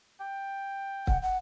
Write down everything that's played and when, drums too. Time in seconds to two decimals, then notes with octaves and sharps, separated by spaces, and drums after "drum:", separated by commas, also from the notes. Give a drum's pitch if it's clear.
0.20 G5
1.07 F#5, drum: kick C#1
1.22 F#5